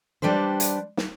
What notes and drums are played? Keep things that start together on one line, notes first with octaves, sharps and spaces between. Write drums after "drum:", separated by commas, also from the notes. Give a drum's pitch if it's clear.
G3 D4 G4 B4 C5
drum: hi-hat
drum: snare